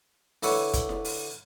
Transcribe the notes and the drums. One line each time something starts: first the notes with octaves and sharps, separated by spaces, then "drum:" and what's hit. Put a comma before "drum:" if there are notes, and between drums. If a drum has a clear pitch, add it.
D3 E4 B4 C#5, drum: open hi-hat
drum: kick, hi-hat
drum: snare E4
drum: open hi-hat